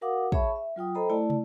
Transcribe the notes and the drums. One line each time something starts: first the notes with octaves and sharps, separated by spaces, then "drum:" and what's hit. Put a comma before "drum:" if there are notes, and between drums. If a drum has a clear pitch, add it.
F#4 A#4 F5 F#5 D6 D#6
G#4 C#5 E5 A5 B5 C#6, drum: kick
E5
F#3 F4 G5 D#6
A4 C5 D#5 G5 A#5 B5
A3 E4 D5 A5
drum: tom